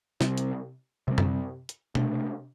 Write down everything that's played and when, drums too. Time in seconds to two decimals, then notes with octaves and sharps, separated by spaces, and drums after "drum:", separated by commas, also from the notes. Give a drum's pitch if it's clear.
0.21 C3 G3 C4, drum: snare
0.38 drum: hi-hat
1.08 C3 G3 C4
1.18 drum: tom F#2
1.69 drum: hi-hat
1.95 C3 A3 D4, drum: tom B2